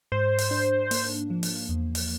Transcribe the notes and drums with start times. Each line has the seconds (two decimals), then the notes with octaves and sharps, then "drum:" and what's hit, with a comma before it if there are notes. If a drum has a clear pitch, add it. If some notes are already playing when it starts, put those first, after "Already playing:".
0.12 G#2 C5
0.38 drum: open hi-hat
0.51 D4
0.91 A#3, drum: open hi-hat
1.30 F3
1.43 drum: open hi-hat
1.69 E2
1.95 drum: open hi-hat